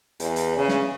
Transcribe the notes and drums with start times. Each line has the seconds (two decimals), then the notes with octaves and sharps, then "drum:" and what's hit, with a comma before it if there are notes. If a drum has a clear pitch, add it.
0.20 E2, drum: hi-hat
0.36 drum: hi-hat
0.57 C#3
0.69 drum: snare